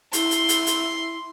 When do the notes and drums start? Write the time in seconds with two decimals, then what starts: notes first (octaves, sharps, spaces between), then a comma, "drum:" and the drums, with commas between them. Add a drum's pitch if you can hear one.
0.13 E4 C6, drum: hi-hat
0.31 drum: hi-hat
0.49 drum: hi-hat
0.67 drum: hi-hat